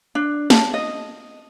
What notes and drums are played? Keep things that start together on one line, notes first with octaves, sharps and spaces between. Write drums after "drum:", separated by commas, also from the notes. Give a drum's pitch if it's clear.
D4
A5, drum: snare
D#5